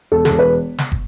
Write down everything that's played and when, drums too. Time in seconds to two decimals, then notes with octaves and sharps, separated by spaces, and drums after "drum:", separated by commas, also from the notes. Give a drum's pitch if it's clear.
0.12 E1 A4
0.25 E1 A4, drum: snare
0.39 B4
0.78 drum: snare
0.92 drum: kick